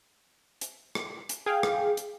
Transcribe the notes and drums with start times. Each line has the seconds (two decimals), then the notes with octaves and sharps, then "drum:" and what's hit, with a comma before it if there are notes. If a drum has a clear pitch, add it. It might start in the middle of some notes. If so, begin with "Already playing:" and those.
0.61 drum: hi-hat
0.95 drum: rim click
1.29 drum: hi-hat
1.46 G#4 F5 G5
1.63 drum: rim click
1.97 drum: hi-hat